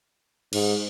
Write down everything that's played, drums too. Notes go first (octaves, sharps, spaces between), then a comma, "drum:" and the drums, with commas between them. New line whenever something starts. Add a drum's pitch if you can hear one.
G#2, drum: cymbal